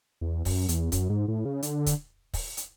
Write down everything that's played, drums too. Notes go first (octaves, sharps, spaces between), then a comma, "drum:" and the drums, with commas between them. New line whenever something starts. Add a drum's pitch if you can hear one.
E2
F#2, drum: kick, open hi-hat
E2, drum: hi-hat
F#2, drum: kick, hi-hat
G#2
A2
C#3
D3, drum: hi-hat
drum: kick, hi-hat
drum: kick, open hi-hat
drum: hi-hat